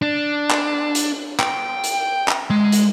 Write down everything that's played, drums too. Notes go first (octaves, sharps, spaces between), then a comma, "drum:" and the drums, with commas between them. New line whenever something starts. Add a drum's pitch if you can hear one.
D4
drum: clap
drum: hi-hat
G5, drum: clap
drum: hi-hat
drum: clap
G#3
drum: hi-hat